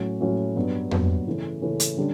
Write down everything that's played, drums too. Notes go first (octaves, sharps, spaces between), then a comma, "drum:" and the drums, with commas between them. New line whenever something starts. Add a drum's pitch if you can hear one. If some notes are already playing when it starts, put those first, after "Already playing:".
Already playing: A2 F#3 C#4 F#4
A2 F#3 C#4 F#4
G2 F#3 B3
G2 F#3 B3, drum: tom F2
C#3 E3 A3 C#4
C#3 E3 A3 C#4
drum: hi-hat
D3 G3 C#4